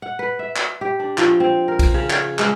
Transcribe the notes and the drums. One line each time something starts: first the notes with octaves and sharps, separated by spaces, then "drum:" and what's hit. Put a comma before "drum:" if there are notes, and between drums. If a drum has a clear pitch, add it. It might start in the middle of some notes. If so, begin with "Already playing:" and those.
F#5
B4
E5
drum: clap
G4
D4
F3, drum: clap
C4
A#4
drum: kick, cymbal
C#3
C#5, drum: clap
G#3, drum: clap